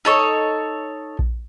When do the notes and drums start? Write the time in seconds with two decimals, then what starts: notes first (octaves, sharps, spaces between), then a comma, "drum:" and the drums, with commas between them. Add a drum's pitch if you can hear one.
0.05 D#4 A4 C#5
1.19 drum: kick A#1